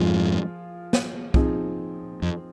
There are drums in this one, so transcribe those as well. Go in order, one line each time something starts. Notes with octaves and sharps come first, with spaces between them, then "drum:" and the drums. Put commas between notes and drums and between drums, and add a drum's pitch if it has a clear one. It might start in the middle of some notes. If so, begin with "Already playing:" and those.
Already playing: F2 G#2 F3 F4 G#4
drum: snare
F3 C4 D#4 G#4, drum: kick
F2